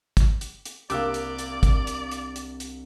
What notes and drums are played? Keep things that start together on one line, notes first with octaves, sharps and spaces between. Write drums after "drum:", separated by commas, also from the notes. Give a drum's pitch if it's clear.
drum: kick, hi-hat
drum: hi-hat
drum: hi-hat
C2 A#3 D4 G4 D5 D6 E6 F#6, drum: hi-hat
drum: hi-hat
drum: hi-hat
drum: kick, hi-hat
drum: hi-hat
drum: hi-hat
drum: hi-hat
drum: hi-hat